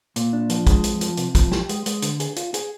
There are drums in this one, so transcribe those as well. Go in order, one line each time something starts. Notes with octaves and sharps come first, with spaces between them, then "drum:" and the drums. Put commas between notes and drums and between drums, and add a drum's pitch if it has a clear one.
A#2, drum: hi-hat
D4
F3, drum: hi-hat
G#3, drum: kick, hi-hat
F2, drum: hi-hat
F3, drum: hi-hat
C3, drum: hi-hat
F3, drum: kick, hi-hat
G4, drum: snare
G#3, drum: hi-hat
G#3, drum: hi-hat
D3, drum: hi-hat
G#4, drum: hi-hat
F4, drum: hi-hat
G#4, drum: hi-hat